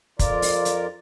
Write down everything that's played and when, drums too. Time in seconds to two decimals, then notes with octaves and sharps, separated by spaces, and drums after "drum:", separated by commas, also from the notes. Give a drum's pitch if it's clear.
0.19 F2 F4 A#4 D5, drum: kick, hi-hat
0.42 drum: open hi-hat
0.65 drum: hi-hat